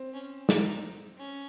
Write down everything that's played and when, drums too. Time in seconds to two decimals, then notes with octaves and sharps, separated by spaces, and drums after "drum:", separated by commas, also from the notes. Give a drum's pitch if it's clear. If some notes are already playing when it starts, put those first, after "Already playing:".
Already playing: C4
0.14 C#4
0.49 D#4, drum: snare
1.18 C#4